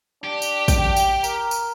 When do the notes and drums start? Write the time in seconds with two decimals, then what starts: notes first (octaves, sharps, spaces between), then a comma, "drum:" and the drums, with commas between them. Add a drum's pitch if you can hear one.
0.24 D4 G4
0.42 drum: tambourine
0.68 G5, drum: kick, tambourine
0.97 drum: tambourine
1.24 A#4, drum: tambourine
1.51 drum: tambourine